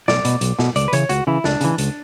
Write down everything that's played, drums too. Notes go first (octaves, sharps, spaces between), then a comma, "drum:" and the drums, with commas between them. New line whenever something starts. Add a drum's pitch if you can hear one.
B1 D5, drum: snare
B2, drum: hi-hat
B1, drum: hi-hat
B2, drum: snare
C#2 D5, drum: hi-hat
B4
C#3 E3 C#5, drum: hi-hat
C#2 F#4, drum: hi-hat
C#3 E3 E4
C#2 D4, drum: snare
C#3 E3, drum: hi-hat
C#2, drum: hi-hat